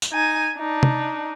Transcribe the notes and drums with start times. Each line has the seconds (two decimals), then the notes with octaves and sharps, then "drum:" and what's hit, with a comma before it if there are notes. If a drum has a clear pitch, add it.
0.02 drum: tambourine
0.12 D#4 G#5
0.58 D4 D#4
0.83 drum: tom